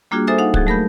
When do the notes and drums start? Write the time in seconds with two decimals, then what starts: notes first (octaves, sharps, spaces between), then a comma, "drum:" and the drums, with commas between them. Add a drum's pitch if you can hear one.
0.11 G3 A#3 D4 F4 F#4 G#4
0.27 A4 C5 E5 G#5 D#6
0.38 D#4 F5 F#5
0.54 F#3 G#4 F#6, drum: kick
0.67 A3 A#4 B5 G6